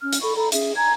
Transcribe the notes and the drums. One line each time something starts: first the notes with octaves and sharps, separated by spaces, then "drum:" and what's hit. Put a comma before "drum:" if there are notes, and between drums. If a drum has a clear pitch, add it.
C#4 F6
drum: hi-hat
A4 B5 C#6
A4 A#5 B5
C#4 G#4 E5, drum: hi-hat
G#5 A#5 G#6